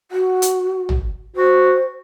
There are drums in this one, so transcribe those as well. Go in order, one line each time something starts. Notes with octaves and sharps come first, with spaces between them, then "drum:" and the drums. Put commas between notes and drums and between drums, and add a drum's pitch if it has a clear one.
F#4
drum: hi-hat
drum: tom A1
F#4 C5